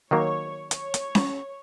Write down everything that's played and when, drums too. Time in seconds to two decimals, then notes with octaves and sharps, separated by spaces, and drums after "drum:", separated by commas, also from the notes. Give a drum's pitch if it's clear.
0.11 D#3 F#3 A#3 C#5
0.71 C#5, drum: hi-hat
0.94 drum: hi-hat
1.15 drum: snare C#4